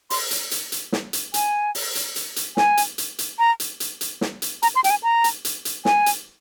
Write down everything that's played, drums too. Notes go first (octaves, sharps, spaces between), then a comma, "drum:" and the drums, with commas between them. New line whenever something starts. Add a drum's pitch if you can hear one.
C6, drum: open hi-hat
drum: hi-hat
drum: hi-hat
drum: hi-hat
drum: snare
drum: hi-hat
G#5, drum: hi-hat
drum: open hi-hat
drum: hi-hat
drum: hi-hat
drum: hi-hat
G#5, drum: snare
drum: hi-hat
drum: hi-hat
drum: hi-hat
A#5
drum: hi-hat
drum: hi-hat
drum: hi-hat
drum: snare
drum: hi-hat
A#5, drum: hi-hat
C6
G5, drum: hi-hat
G#5
A#5
drum: hi-hat
drum: hi-hat
drum: hi-hat
G#5, drum: snare
drum: hi-hat